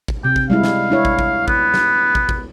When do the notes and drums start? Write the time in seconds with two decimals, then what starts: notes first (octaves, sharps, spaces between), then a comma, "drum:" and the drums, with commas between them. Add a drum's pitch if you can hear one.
0.08 drum: kick
0.24 C3 G5
0.36 drum: kick
0.50 G3 G#3 E4 F5
0.64 drum: snare
0.90 D4 E4 C#5
1.05 drum: kick
1.19 drum: kick
1.48 B3, drum: kick
1.74 drum: snare
2.15 drum: kick
2.29 drum: kick